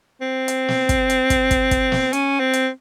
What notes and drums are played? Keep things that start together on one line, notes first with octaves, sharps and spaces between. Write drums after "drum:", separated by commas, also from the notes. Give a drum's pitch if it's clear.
C4
drum: hi-hat
drum: snare
drum: kick, hi-hat
drum: hi-hat
drum: kick, hi-hat
drum: kick, hi-hat
drum: kick, hi-hat
drum: snare
C#4, drum: hi-hat
C4
drum: hi-hat